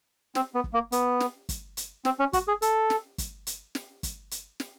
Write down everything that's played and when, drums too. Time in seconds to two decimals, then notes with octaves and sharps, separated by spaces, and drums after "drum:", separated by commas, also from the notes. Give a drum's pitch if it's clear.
0.35 C4, drum: snare
0.55 B3
0.64 drum: kick
0.73 A#3
0.92 B3, drum: hi-hat
1.20 drum: snare
1.49 drum: kick, hi-hat
1.77 drum: hi-hat
2.05 C4, drum: snare
2.19 C#4
2.33 F#4, drum: kick, hi-hat
2.48 G#4
2.62 A4, drum: hi-hat
2.90 drum: snare
3.18 drum: kick, hi-hat
3.47 drum: hi-hat
3.75 drum: snare
4.03 drum: kick, hi-hat
4.31 drum: hi-hat
4.60 drum: snare